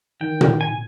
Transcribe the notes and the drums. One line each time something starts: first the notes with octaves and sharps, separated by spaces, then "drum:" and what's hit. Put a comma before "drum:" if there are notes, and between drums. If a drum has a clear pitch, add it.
D#3 G5
drum: tom A#2
G#5